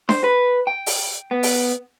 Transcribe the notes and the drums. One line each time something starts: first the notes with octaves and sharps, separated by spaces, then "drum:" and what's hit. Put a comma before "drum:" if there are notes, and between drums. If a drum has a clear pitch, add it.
C5, drum: snare D4
B4
G5
drum: open hi-hat
B3
drum: open hi-hat